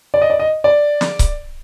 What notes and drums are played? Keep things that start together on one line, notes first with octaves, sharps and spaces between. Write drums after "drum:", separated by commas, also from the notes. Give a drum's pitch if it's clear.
D5
D#5
D5
D#5
D5
drum: snare
drum: kick C#1, hi-hat